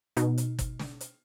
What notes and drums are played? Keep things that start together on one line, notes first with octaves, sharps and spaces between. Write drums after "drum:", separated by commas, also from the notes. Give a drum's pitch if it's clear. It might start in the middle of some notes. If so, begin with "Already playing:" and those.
B2 D#4, drum: hi-hat
drum: hi-hat
drum: kick, hi-hat
drum: snare
drum: hi-hat